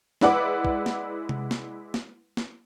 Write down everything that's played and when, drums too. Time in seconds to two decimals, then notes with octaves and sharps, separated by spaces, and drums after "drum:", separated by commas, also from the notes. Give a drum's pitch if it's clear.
0.21 G#3 E4 B4 D5 F#5 D6, drum: snare
0.65 drum: kick
0.86 drum: snare
1.29 drum: tom C3
1.51 drum: snare
1.94 drum: snare
2.37 drum: snare